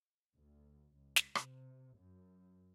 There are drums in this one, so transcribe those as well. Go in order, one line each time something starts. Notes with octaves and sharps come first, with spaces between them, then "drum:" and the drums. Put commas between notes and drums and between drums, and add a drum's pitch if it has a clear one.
D2
C#2
drum: snare
C3, drum: rim click
F#2